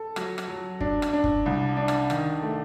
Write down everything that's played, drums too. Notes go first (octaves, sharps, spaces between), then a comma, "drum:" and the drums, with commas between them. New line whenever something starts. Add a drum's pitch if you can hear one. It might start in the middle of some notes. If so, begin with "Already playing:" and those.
Already playing: A4
F#3, drum: rim click
drum: rim click
F#3
D4, drum: kick
drum: rim click
D4
drum: kick
C2
D4
drum: rim click
D#3, drum: rim click
A3